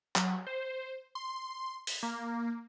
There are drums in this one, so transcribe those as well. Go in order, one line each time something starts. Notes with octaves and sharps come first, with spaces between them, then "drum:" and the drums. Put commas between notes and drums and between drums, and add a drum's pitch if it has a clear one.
F#3, drum: clap
C5
C6
drum: open hi-hat
A#3